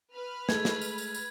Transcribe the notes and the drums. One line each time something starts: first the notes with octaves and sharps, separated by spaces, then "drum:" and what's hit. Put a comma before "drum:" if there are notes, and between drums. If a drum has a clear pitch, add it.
B4 B5 F6
G#3 A3 G#6, drum: snare
drum: snare
drum: tambourine
drum: tambourine
drum: tambourine